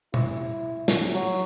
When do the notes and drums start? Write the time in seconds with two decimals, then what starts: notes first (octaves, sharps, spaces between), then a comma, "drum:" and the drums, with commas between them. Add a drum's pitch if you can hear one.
0.14 E4, drum: tom
0.88 drum: snare
1.12 F#3